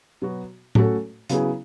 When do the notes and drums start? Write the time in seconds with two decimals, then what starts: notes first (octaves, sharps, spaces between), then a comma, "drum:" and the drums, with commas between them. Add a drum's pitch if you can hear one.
0.22 B2 F#3 B3 F#4
0.75 F#3 A3 C#4 F#4 A4, drum: tom
1.30 C#3 F#3 B3 E4 G#4, drum: hi-hat